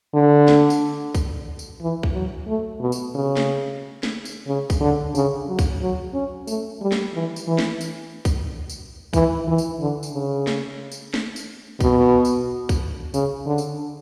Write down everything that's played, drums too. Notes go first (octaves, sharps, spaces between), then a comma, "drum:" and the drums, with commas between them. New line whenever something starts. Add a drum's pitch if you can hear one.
D3
drum: snare
drum: tambourine
drum: kick B1, tambourine
drum: tambourine
E3
drum: kick B1
F#3
A3
B2
drum: tambourine
C#3
drum: snare
drum: snare
drum: tambourine
C#3
drum: kick B1, tambourine
D3
C#3, drum: tambourine
F#3
drum: kick B1, tambourine
F#3
C#4
A3, drum: tambourine
G3
drum: snare
E3
drum: tambourine
E3
drum: snare
drum: tambourine
drum: kick B1, tambourine
drum: tambourine
E3, drum: kick B1, tambourine
E3
drum: tambourine
D3
drum: tambourine
C#3
drum: snare
drum: tambourine
drum: snare
drum: tambourine
B2, drum: kick B1, tambourine
drum: tambourine
drum: kick B1, tambourine
C#3, drum: tambourine
D3
drum: tambourine